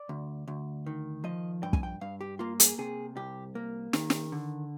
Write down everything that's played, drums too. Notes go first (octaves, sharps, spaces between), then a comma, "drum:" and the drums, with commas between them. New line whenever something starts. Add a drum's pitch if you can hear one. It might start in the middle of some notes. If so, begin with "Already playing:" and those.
Already playing: D5
D2
D2
D#3
F3 D#5
G2 G5
G#5, drum: kick
G5
G2 F5
G4
A#3 F4
G#4, drum: hi-hat
C3 G#4
C2 G4
A#3
D#3, drum: snare
drum: snare
D3